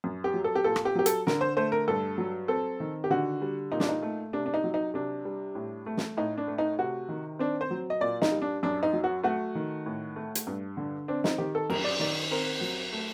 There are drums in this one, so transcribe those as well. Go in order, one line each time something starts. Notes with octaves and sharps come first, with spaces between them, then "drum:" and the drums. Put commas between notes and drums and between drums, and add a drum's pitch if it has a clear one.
F#2
G4
F#3
A4
G4
A#2 A4
drum: rim click
G4
F#3 G4
A4, drum: hi-hat
D3 A#4, drum: snare
C5
A3 C5
A#4
G2 A4
F#3
C4 A4
D#3
G4
D3 F#4
G3
A#2 D#4
D4, drum: snare
D#4
A3
C3 D4
D4
D#4
F#3
D#4
C3 D4
G3
A2
A3
drum: snare
A2 D#4
D4
A3
D#4
C3 F#4
D#3
C4 D4
C5
F#3
D#5
A#2 D5
D#4, drum: snare
G3
D4
F#2 D4
D#4
F#3
F#4
A3 F#4
D#3
A2
A3
drum: hi-hat
G2
D3
C4 D4
D#4, drum: snare
D#3 G4
A4
F#2 A#4, drum: cymbal
D5
D#3 D5
C4 A#4
F#3
A3